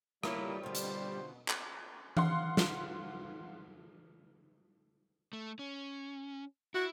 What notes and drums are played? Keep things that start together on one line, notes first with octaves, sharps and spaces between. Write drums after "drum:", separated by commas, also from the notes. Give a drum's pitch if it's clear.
G3 A3 A#3 D#4 E4 C#5, drum: rim click
B2 D3 F4 C5
drum: hi-hat
drum: clap
F5 F#5 C6, drum: tom E3
drum: snare
A3
C#4
E4 F#4